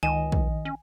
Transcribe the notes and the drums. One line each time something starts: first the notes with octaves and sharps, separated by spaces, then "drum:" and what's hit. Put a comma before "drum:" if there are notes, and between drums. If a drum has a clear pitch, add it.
C#2 D#3 D#5 G#5 E7
drum: kick
C#4